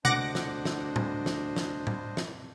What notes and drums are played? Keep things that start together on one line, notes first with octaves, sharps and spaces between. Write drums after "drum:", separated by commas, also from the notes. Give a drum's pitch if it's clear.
D2 D4 C5 D#5 F#5 D6 A#6, drum: tom B2
drum: snare
drum: snare
drum: tom A2
drum: snare
drum: snare
drum: tom A2
drum: snare